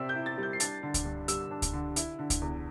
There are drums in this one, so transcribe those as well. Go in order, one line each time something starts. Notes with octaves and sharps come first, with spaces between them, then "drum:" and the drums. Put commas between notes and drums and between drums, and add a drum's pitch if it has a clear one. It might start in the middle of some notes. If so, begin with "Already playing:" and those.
Already playing: C3 C4 D5 E5 G5 E6
G6
E4
A6
G3
G6
C7
D4 A6, drum: hi-hat
D3
drum: kick C#2, hi-hat
G2
G3 E6, drum: hi-hat
D4
drum: kick C#2, hi-hat
D3
E4, drum: hi-hat
D3
drum: kick C#2, hi-hat
E2